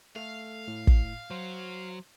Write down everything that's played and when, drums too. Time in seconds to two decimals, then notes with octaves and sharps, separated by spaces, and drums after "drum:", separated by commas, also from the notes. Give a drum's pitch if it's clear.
0.16 A3 A4 F5
0.68 A2
0.87 drum: kick
1.31 F#3 C5 C6